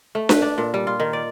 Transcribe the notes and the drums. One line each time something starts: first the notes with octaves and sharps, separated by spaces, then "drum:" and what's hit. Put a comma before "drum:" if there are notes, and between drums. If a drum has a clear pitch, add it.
A3
B4, drum: snare D4
D4
A#2
G3
F4
D#3
D5